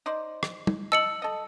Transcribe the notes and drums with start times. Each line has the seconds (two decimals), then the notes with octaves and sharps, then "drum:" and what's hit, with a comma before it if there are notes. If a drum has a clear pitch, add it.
0.06 D#4 C5 D5
0.43 drum: rim click
0.67 drum: tom
0.92 D#5 A5 E6 C#7 F#7
1.22 A4 D#5